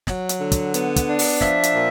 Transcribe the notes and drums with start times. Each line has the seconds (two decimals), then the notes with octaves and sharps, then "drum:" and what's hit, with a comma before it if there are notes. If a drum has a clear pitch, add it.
0.07 F#3, drum: snare
0.29 drum: hi-hat
0.41 D3
0.52 drum: kick, hi-hat
0.74 B3, drum: hi-hat
0.96 drum: kick, hi-hat
1.08 D4
1.19 drum: open hi-hat
1.41 F3 E5, drum: snare
1.63 drum: hi-hat
1.75 A#2